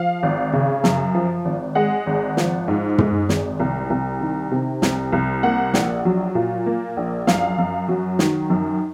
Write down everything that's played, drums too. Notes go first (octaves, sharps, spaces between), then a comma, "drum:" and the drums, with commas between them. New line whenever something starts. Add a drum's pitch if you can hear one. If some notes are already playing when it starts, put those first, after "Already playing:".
Already playing: F3 F5
G#1
C#3
F#2, drum: snare
F3
G#1
G#3 F#5
G#1
F3, drum: snare
G#2
G#3, drum: tom
G#1, drum: snare
C2
C2
D#3
C3
C2, drum: snare
C2
A#3 F#5
A#1, drum: snare
F#3
A#2
A#3
A#1
F#2 F5, drum: snare
F#2
F#3
D#3, drum: snare
F#2